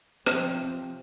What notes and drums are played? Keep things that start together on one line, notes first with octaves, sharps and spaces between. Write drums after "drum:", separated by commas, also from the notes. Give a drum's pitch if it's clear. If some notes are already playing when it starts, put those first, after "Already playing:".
C3 F3 C4, drum: rim click